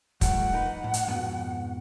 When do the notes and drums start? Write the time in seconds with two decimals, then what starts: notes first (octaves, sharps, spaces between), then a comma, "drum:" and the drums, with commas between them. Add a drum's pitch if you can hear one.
0.21 F3 G3 A3 F#5, drum: kick, hi-hat
0.53 D#4 A#4 B4
0.84 A2
0.94 drum: hi-hat
1.07 F2 G#2 B2